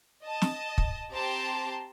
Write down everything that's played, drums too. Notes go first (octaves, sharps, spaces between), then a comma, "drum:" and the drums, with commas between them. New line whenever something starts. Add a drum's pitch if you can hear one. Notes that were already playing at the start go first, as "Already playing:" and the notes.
D#5 A5
drum: snare
drum: kick
C4 G4 A5 A#5 C6 D6